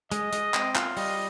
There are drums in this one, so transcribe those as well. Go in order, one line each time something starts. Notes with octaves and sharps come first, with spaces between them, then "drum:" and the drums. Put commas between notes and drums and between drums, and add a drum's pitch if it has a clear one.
G#3 D#5, drum: hi-hat
G#3, drum: hi-hat
C4, drum: clap
F4, drum: clap
G3 D#5, drum: open hi-hat